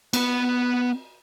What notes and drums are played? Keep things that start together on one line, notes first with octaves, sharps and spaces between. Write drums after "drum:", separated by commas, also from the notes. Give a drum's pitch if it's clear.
B3 B5, drum: cymbal